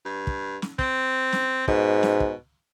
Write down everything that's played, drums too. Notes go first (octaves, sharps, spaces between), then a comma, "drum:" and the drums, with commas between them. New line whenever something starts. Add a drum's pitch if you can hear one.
G2
drum: kick
drum: snare
C4, drum: kick
drum: snare
G#2 B2, drum: kick
drum: snare
drum: kick